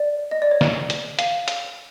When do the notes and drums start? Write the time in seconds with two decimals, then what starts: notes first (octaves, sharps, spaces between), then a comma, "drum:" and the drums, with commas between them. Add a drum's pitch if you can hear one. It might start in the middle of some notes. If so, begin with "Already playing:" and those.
Already playing: D5
0.31 D#5
0.42 D5
0.51 C#5
0.61 drum: snare
0.90 drum: hi-hat
1.19 F5, drum: hi-hat
1.48 drum: hi-hat